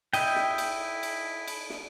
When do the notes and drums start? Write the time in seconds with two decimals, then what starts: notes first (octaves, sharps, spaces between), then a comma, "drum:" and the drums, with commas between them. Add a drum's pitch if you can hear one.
0.13 E4 D#5 G5, drum: cymbal
0.36 drum: snare
0.58 drum: cymbal
1.03 drum: cymbal
1.47 drum: cymbal
1.70 drum: snare